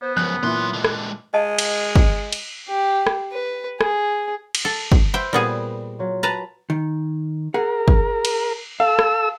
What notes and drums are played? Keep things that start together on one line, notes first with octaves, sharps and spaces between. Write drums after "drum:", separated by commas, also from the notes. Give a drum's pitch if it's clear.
B3 C5
C#2 F#2 F3 F#6
A#2 E3 F#3 C6 F#6
D3 G#3
drum: rim click
G#3 D#5 F5 A5
drum: cymbal
drum: kick
drum: cymbal
G4
drum: rim click
B4
G#4, drum: rim click
drum: cymbal
A4
drum: kick
B4 C5 E5 G5
A#2 G3 B3 G#4
F#3 F4
B4 A5 A#5
D#3
G#4 A#4 F#5
drum: kick
drum: cymbal
A4 F5 E6
drum: rim click